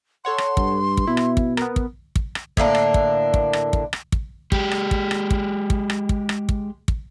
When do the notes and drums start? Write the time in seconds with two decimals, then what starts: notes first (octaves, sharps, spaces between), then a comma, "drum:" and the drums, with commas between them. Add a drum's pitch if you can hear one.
0.25 A4 C#5 F#5 C6
0.38 drum: rim click
0.57 G2, drum: kick
0.97 drum: kick
1.07 B2 E4
1.17 drum: rim click
1.37 drum: kick
1.57 B3 A#4, drum: rim click
1.76 drum: kick
2.16 drum: kick
2.35 drum: rim click
2.57 A2 D3 A#3 D4, drum: kick
2.75 drum: rim click
2.94 drum: kick
3.34 drum: kick
3.53 drum: rim click
3.73 drum: kick
3.93 drum: rim click
4.12 drum: kick
4.52 G#3 G4, drum: kick
4.71 drum: rim click
4.91 drum: kick
5.11 drum: rim click
5.31 drum: kick
5.70 drum: kick
5.90 drum: rim click
6.09 drum: kick
6.29 drum: rim click
6.49 drum: kick
6.88 drum: kick